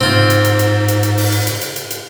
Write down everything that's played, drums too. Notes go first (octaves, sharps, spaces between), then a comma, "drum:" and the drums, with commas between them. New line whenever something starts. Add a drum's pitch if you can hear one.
G#2 C4 F4
drum: hi-hat
drum: hi-hat
drum: hi-hat
drum: hi-hat
drum: hi-hat
drum: open hi-hat
drum: hi-hat
drum: hi-hat
drum: hi-hat
drum: hi-hat
drum: hi-hat